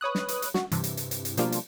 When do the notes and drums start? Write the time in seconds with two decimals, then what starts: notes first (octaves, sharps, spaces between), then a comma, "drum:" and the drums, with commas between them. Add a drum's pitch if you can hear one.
0.01 B4 C#5 D#6 F#6
0.15 drum: snare
0.29 drum: hi-hat
0.42 drum: hi-hat
0.54 F#4, drum: snare
0.72 G2 C3 E3, drum: hi-hat
0.84 drum: hi-hat
0.97 drum: hi-hat
1.11 drum: hi-hat
1.25 drum: hi-hat
1.37 B2 F3 G3 A#3 D4 F4, drum: hi-hat
1.52 drum: hi-hat